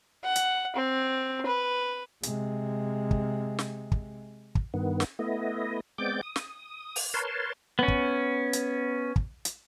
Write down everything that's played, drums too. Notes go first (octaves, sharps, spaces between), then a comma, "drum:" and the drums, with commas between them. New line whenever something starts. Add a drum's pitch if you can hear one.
F#5
drum: hi-hat
C4
B4
C3 G#3, drum: hi-hat
drum: kick
drum: snare
drum: kick
drum: kick
G2 D#3 B3
drum: snare
A3 B3 E4 D#5
G#3 B3 C4 D5 D6 G6
D#6
drum: snare
drum: open hi-hat
A#4 B4 C#5 A5 C6
B3 C#4
drum: kick
drum: hi-hat
drum: kick
drum: hi-hat